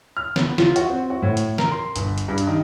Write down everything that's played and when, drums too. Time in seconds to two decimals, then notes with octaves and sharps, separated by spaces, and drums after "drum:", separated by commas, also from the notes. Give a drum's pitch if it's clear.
0.17 F6
0.36 B3, drum: snare
0.58 F4, drum: snare
0.76 F#4, drum: hi-hat
0.90 C4
1.10 F#4
1.22 A2
1.37 drum: hi-hat
1.58 A#4, drum: snare
1.71 C6
1.96 G1, drum: hi-hat
2.18 drum: hi-hat
2.28 G2
2.38 drum: hi-hat
2.47 D#3